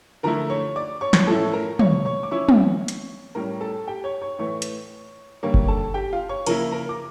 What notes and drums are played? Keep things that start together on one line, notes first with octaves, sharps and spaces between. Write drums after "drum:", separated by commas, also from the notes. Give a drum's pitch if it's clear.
D3 F3 A3 E4 A#4 A#5
C#5 C#6
D5 D6
C#5 C#6
drum: snare
A2 F3 C#4 E4 A4 A5
A#4 A#5
C#5 C#6, drum: tom
C#5 C#6
D6
F3 C#4 E4 C#5 C#6
drum: tom
drum: hi-hat
A2 G3 C#4 A#4 A#5
A4 A5
G4 G5
C#5 C#6
C#5 C#6
A2 E3 A3 C#5 C#6
drum: hi-hat
D3 G3 A#3 C#5 C#6
drum: kick F#1
A4 A5
G4 G5
F4 F5
C#5 C#6
C#3 F3 A#3 E4 A#4 A#5, drum: cymbal
A#4 A#5
D6